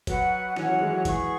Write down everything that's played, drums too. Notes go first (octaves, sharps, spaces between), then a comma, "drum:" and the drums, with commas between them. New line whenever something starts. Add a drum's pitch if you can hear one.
F#3 F#4 B4 F#5, drum: kick, hi-hat
E3 C#4 F#4 C#5 F#5, drum: snare
F#3
E3 G#3
F#3
E3 G#4 B4 F#5 C#6, drum: kick, hi-hat